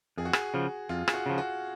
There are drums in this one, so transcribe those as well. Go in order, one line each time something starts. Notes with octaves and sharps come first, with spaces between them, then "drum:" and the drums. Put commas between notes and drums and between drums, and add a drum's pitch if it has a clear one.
F2 G#4
F#4
G#4, drum: rim click
C#3 F3
F2 F4
G#4, drum: rim click
F#4
C#3 F3
F#4